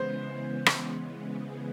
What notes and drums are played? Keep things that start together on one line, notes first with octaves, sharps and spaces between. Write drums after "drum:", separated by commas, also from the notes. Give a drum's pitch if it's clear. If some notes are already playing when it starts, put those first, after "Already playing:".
Already playing: C#3 E3 G#3 B3 C5
drum: rim click